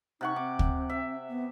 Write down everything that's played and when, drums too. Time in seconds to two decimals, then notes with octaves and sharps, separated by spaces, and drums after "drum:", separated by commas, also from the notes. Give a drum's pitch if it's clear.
0.21 C3 D#4 F#5 C#6
0.36 C4 D6
0.59 drum: kick
0.90 E5
1.29 B3